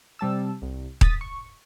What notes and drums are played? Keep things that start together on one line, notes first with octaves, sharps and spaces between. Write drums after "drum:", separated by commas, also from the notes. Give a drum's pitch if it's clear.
C3 G3 A5 E6
C2
D#6 A6 B6, drum: kick D#1
C#6